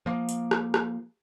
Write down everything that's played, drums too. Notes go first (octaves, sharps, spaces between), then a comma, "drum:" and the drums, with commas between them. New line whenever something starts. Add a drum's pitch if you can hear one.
F3 A#3
drum: hi-hat
drum: rim click
drum: rim click